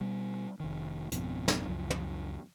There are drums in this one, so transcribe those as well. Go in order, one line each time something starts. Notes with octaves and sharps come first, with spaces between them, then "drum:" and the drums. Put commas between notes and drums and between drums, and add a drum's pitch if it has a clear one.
B2 G3
F1 D#3
G#1 F2 B2, drum: hi-hat
drum: snare
C#2 F#2 F3
drum: tom